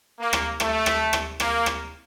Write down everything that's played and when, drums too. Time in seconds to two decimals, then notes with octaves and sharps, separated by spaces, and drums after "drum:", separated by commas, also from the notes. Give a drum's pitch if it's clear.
0.19 A#3
0.33 drum: rim click
0.60 A3, drum: rim click
0.86 drum: rim click
1.13 drum: rim click
1.40 A#3, drum: rim click
1.66 drum: rim click